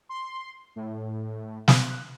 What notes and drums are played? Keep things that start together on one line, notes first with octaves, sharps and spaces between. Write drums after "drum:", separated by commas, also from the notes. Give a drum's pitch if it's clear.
C6
A2
F#6, drum: snare